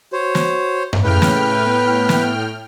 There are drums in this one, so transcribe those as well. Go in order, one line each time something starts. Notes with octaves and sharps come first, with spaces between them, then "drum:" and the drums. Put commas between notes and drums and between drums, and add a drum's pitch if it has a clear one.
F#4 C5 C#5
drum: snare
drum: tom F#2
A2 C#3 B4 G5 F6
drum: snare
B3
drum: snare